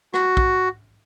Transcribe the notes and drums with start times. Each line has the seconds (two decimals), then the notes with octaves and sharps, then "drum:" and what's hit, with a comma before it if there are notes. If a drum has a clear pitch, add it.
0.14 F#4, drum: rim click
0.37 drum: kick